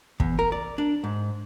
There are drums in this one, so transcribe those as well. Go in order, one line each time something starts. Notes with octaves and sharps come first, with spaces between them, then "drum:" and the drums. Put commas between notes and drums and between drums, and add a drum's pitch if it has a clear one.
E2, drum: kick
A#4
D5
D4
G#2